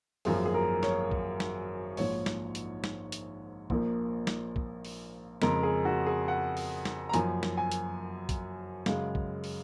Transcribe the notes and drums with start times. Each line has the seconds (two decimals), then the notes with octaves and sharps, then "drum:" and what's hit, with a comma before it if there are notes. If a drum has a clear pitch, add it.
0.25 G#1 F#2 F3 A#3 G#4, drum: open hi-hat
0.45 G#4
0.54 A#4
0.83 C#5, drum: snare
1.11 drum: kick
1.40 drum: snare
1.97 A#1 G#2 F3 C#5, drum: open hi-hat
2.26 drum: snare
2.55 drum: hi-hat
2.84 drum: snare
3.12 drum: hi-hat
3.70 A#1 A#2 F3 A#3, drum: kick
4.27 drum: snare
4.56 drum: kick
4.85 drum: open hi-hat
5.42 F2 C#3 G#3 A#4, drum: snare
5.63 G#4
5.85 F#4
6.06 G#4
6.28 F#5
6.57 drum: open hi-hat
6.85 drum: snare
7.09 A#5
7.14 F#2 F3 A#3 G#5, drum: hi-hat
7.43 drum: snare
7.57 G#5
7.72 drum: hi-hat
8.29 drum: kick, hi-hat
8.86 F#2 C#3 G#3 F5, drum: snare
9.15 drum: kick
9.44 drum: open hi-hat